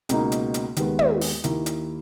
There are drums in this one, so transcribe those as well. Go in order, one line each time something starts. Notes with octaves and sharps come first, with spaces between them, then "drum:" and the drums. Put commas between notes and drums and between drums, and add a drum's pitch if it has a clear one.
C#2 B2 A#3 D#4, drum: hi-hat
drum: hi-hat
drum: hi-hat
D#2 D#3 G#3 B3, drum: hi-hat
drum: tom
drum: open hi-hat
D#2 D#3 A#3 E4, drum: hi-hat
drum: hi-hat